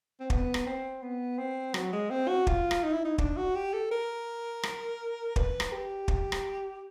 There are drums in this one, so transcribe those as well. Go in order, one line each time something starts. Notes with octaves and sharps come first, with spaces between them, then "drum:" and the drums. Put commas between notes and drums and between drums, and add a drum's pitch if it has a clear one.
C4
B3, drum: kick
drum: rim click
C4
B3
C4
F#3, drum: rim click
G#3
C4
F#4
F4, drum: kick
drum: rim click
D#4
E4
D#4
D4, drum: kick
F#4
G4
A4
A#4
drum: rim click
B4, drum: kick
drum: rim click
G4
drum: kick
drum: rim click